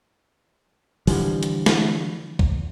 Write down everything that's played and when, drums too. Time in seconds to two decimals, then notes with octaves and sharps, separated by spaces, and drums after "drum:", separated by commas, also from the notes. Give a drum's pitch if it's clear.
1.07 D3 E3 F3 G3, drum: open hi-hat
1.43 drum: hi-hat
1.66 drum: snare
2.39 drum: kick C2